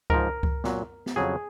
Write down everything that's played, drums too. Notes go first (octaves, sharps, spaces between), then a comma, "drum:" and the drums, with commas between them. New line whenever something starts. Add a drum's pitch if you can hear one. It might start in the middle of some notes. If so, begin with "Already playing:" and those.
G#2 F3 A#4, drum: kick C#2
drum: kick C#2
A#2 F#3, drum: snare B3
drum: snare B3
F2 C#3 F#3 G#4